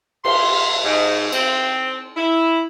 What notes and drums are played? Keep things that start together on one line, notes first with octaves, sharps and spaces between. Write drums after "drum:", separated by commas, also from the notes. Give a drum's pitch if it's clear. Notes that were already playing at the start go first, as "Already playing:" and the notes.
C6, drum: cymbal
G#2
C4, drum: cymbal
E4